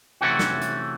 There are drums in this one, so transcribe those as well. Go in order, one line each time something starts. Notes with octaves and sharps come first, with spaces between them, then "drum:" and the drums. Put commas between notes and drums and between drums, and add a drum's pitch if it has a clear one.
C3 E3 A3 C#4 F#4
drum: snare
drum: hi-hat